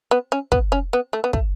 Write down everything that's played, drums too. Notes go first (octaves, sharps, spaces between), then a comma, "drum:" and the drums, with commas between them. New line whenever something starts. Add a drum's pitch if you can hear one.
B3
C#4
B3, drum: kick
C#4
B3
A3
B3
A3, drum: kick